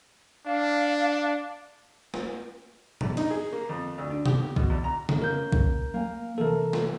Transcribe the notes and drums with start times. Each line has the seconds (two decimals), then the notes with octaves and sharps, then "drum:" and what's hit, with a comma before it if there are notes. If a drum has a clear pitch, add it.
0.46 D4 F5
2.14 drum: snare
3.01 E2, drum: tom
3.17 D#4, drum: cymbal
3.30 G#4
3.52 A#3
3.69 F2
3.98 D2
4.10 D4
4.26 G4, drum: tom
4.56 B2, drum: kick B1
4.70 E2
4.84 A#5
5.09 drum: tom C#3
5.22 C#3 A#3 A#4 G6
5.52 drum: kick B1
5.94 A#3 G#5
6.38 C3 E3 A4 A#4 A5
6.73 drum: snare